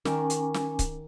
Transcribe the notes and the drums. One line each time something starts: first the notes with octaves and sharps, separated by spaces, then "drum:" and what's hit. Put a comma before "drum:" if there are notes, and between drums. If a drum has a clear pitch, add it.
D#3 C#4 A#4 G#5 D6, drum: snare
drum: hi-hat
drum: snare
drum: kick C#1, hi-hat